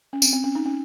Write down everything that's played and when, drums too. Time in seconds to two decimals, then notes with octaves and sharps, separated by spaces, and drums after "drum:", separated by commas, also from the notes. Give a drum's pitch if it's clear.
0.13 C#4
0.22 C4, drum: tambourine
0.33 C4
0.44 C#4
0.55 D#4
0.66 C#4